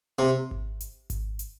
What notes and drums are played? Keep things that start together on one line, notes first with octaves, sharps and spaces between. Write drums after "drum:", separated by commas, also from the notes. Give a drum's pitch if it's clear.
C3
drum: kick G#1
drum: hi-hat
drum: kick G#1, hi-hat
drum: hi-hat